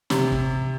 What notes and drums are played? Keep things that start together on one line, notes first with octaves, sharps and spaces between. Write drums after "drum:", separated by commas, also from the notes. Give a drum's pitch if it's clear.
C3, drum: snare
drum: kick